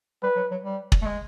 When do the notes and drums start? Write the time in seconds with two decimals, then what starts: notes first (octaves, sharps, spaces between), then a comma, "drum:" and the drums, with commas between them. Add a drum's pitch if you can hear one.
0.22 G3 B4
0.36 F#3
0.51 F#3
0.64 G3
0.92 drum: kick
1.02 A3
1.05 G#3